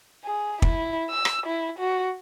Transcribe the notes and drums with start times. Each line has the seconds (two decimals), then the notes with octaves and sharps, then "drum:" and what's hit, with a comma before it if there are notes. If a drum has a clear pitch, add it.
0.25 G#4
0.62 E4, drum: kick
1.10 E6
1.25 drum: rim click
1.47 E4
1.79 F#4